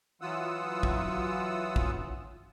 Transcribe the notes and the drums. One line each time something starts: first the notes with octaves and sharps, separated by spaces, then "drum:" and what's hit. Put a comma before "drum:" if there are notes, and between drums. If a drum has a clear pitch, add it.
E3 F#3 F4 F#5 D#6 E6
drum: kick
drum: kick